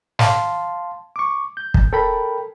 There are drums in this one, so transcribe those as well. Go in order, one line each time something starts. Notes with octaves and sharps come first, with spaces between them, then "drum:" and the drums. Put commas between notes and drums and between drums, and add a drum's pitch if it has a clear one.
F5 A5 C6, drum: snare
C#6 D6
G6
drum: kick
A4 A#4 G5 B5